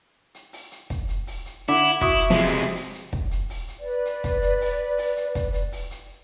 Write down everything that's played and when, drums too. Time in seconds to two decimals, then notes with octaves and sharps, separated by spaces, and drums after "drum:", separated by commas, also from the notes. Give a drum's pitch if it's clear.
0.34 drum: hi-hat
0.53 drum: open hi-hat
0.72 drum: hi-hat
0.90 drum: kick, hi-hat
1.09 drum: hi-hat
1.27 drum: open hi-hat
1.46 drum: hi-hat
1.68 D3 E4 F#5 D6
1.83 drum: hi-hat
2.01 E4 F#4 E5 C#6 D#6, drum: kick, hi-hat
2.20 drum: hi-hat
2.30 C3 F3 G#3
2.57 drum: hi-hat
2.76 drum: open hi-hat
2.94 drum: hi-hat
3.13 drum: kick
3.31 drum: hi-hat
3.50 drum: open hi-hat
3.68 drum: hi-hat
3.79 B4 D5
4.05 drum: hi-hat
4.24 drum: kick, hi-hat
4.42 drum: hi-hat
4.61 drum: open hi-hat
4.98 drum: open hi-hat
5.17 drum: hi-hat
5.35 drum: kick, hi-hat
5.54 drum: hi-hat
5.72 drum: open hi-hat
5.91 drum: hi-hat